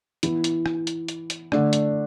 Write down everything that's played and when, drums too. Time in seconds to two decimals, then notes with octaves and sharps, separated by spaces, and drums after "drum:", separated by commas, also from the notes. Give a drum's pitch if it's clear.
0.23 E3 B3 E4, drum: hi-hat
0.44 drum: hi-hat
0.66 drum: rim click
0.87 drum: hi-hat
1.08 drum: hi-hat
1.30 drum: hi-hat
1.52 D3 A3 D4, drum: rim click
1.73 drum: hi-hat